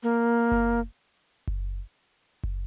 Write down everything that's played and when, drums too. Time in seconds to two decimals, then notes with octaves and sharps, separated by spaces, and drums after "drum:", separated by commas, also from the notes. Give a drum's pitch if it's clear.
0.03 A#3
0.51 drum: kick F#1
1.47 drum: kick F#1
2.43 drum: kick F#1